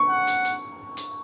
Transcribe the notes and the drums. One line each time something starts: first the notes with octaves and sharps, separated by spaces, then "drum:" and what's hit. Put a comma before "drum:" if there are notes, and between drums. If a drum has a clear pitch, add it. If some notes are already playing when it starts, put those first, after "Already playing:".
Already playing: C#6
F#5
drum: hi-hat
drum: hi-hat
drum: hi-hat